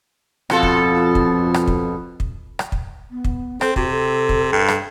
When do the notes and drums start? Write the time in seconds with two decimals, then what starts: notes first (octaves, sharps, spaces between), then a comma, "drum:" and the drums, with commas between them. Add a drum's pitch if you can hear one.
0.50 F2 B2 F4 A4, drum: rim click
0.63 drum: kick
1.15 drum: kick
1.54 drum: rim click
1.67 drum: kick
2.20 drum: kick
2.59 drum: rim click
2.72 drum: kick
3.11 B3
3.25 drum: kick
3.61 C4 A4, drum: rim click
3.76 C3 F#4, drum: kick
3.90 A4
4.29 drum: kick
4.52 G2
4.68 drum: rim click